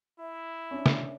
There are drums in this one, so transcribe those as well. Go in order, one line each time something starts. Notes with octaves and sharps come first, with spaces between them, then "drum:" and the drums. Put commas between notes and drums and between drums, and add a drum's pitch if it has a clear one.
E4 E5
C#4 D4
drum: snare